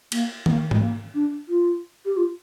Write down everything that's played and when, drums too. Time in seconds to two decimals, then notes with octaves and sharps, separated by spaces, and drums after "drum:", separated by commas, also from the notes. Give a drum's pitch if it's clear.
0.12 A#3, drum: cymbal
0.46 A#3, drum: tom D#3
0.71 G#3, drum: tom G#2
0.81 A#3
1.14 D4
1.49 F4
2.05 G4
2.17 F4